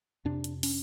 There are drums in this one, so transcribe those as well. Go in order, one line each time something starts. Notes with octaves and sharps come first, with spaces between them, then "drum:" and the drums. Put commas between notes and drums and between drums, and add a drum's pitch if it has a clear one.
F2 C3 D4
drum: hi-hat
C#4, drum: open hi-hat